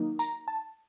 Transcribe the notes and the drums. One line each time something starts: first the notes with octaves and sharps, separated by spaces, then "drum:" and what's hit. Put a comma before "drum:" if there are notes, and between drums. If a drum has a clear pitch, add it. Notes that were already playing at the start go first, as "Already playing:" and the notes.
Already playing: D#3 F#3 A#3 D#4
A#5, drum: tambourine
A5